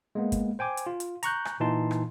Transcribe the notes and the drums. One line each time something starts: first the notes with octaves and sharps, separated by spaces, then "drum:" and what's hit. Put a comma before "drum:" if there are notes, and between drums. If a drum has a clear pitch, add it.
G#3 A#3 B3
drum: kick, hi-hat
C5 G5 G#5 D6
drum: hi-hat
F4
drum: hi-hat
A#5 C#6 F#6 G6, drum: hi-hat
drum: rim click
A#2 E3 D#4 F4 A5 C6
drum: rim click